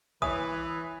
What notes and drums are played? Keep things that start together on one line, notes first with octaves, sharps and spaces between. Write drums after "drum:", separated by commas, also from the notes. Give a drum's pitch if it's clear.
E3 B4 C#5 E5 G#5 D#6, drum: kick A#1